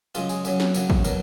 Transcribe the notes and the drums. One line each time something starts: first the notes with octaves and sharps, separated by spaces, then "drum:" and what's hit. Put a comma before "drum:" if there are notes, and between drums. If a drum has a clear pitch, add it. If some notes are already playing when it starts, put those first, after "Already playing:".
F#2 C#3 G#3 F4, drum: tambourine
G#4, drum: tambourine
F#2 C#3 F#3, drum: tambourine
drum: snare
F#2 C#3 F#3, drum: tambourine
drum: kick
B2 F#3 A#4, drum: tambourine